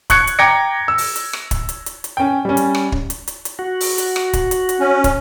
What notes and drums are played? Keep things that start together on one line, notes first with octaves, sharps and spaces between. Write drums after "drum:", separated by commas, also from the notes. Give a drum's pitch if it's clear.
C#6 F#6 G#6 C#7, drum: kick, hi-hat
drum: hi-hat
G5 A#5 D6 G#6 A#6 C#7
E6
drum: open hi-hat
drum: hi-hat
drum: rim click
drum: kick, hi-hat
drum: hi-hat
drum: hi-hat
drum: hi-hat
C#4 G5
G3 C#4
drum: hi-hat
drum: rim click
drum: kick
drum: hi-hat
drum: hi-hat
drum: hi-hat
F#4
drum: open hi-hat
drum: hi-hat
drum: rim click
drum: kick, hi-hat
drum: hi-hat
drum: hi-hat
C#4
drum: kick, hi-hat